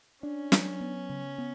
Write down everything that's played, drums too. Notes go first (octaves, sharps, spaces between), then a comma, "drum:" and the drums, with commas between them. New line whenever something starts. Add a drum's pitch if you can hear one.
C#4 D4
F#3, drum: snare
B3
C#3
B3